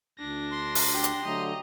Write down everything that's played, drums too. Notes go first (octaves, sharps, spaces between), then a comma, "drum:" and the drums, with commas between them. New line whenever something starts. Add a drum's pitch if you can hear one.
D2 D4 A#6
C6
drum: open hi-hat
G4
drum: hi-hat
D3 F#3 A3 D#5 A#5